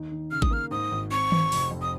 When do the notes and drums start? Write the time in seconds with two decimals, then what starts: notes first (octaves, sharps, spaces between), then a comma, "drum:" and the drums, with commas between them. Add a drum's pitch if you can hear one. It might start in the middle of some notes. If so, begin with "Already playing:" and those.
Already playing: D#2 D#4
0.12 D#3
0.31 C#3 F6
0.42 D#6, drum: kick G#1
0.51 A#3 F6
0.71 G#2 D#6
0.91 G#1
1.11 C4 C#6
1.32 C4, drum: tom D#3
1.52 F1, drum: open hi-hat
1.71 F2
1.82 D#6